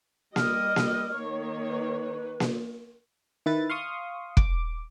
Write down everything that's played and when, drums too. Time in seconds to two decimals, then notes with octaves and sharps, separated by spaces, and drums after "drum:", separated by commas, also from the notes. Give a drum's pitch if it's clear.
0.36 G3 D#5 F6, drum: snare A#3
0.76 drum: snare A#3
1.14 D#3 A#3 C#5
1.69 B4
2.40 drum: snare A#3
3.46 D#3 E4 B4 A6
3.70 F5 C6 C#6 D#6
4.37 D6, drum: kick